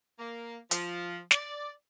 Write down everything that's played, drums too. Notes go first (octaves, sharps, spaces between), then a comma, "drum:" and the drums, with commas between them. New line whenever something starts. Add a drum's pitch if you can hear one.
A#3
F3, drum: hi-hat
D5, drum: snare